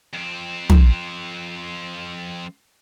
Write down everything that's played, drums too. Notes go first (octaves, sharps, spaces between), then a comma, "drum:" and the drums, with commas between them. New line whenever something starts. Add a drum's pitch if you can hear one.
F2 C4
drum: tom